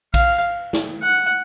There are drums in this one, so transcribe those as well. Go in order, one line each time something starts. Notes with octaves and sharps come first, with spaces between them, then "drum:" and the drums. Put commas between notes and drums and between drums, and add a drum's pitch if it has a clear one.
F5, drum: kick A#1, cymbal
drum: snare
F#5